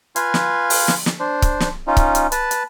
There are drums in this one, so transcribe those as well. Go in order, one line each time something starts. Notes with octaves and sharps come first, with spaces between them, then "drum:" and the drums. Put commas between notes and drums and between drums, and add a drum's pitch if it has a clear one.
F4 B4 F5 G#5 C6, drum: hi-hat
drum: snare
drum: open hi-hat
drum: snare
drum: snare
D4 C5
drum: kick C#1, hi-hat
drum: snare
C#4 D#4 F4
drum: kick C#1, hi-hat
drum: hi-hat
B4 A5, drum: hi-hat
drum: hi-hat